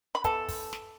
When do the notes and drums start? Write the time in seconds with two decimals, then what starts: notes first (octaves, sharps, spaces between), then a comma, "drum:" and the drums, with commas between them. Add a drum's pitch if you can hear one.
0.15 B5
0.24 E3 B3 A4 A5, drum: kick, hi-hat
0.49 drum: kick, open hi-hat
0.73 drum: snare